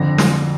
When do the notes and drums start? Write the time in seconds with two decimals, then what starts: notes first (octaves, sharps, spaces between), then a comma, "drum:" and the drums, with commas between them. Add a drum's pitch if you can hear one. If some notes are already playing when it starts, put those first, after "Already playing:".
Already playing: F2 D3 F3 A#6
0.18 drum: snare